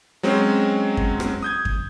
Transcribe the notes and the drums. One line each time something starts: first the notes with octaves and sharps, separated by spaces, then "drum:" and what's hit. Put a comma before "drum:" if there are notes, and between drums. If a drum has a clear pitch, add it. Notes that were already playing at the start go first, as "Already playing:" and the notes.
F#3 G#3 C4 C#4
drum: kick F2
drum: rim click
D#6 G6 G#6
drum: kick F2